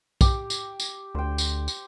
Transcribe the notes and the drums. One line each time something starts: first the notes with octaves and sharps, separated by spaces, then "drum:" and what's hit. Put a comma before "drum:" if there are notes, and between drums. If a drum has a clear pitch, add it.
G4, drum: kick, tambourine
drum: tambourine
drum: tambourine
D2 C5 G5
drum: tambourine
drum: tambourine